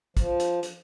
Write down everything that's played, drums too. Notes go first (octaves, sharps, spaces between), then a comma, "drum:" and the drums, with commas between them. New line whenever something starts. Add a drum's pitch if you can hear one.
F3, drum: kick, hi-hat
drum: hi-hat
drum: hi-hat